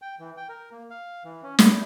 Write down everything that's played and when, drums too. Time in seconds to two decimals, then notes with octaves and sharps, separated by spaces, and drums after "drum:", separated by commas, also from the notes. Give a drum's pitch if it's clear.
0.02 G5
0.20 E3
0.37 G5
0.49 A#4
0.72 A#3
0.90 F5
1.25 E3
1.43 C#4
1.59 E4, drum: snare